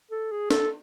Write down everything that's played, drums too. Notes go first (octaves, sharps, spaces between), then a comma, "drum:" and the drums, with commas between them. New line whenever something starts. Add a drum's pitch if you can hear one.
A4
G#4
A4, drum: snare D4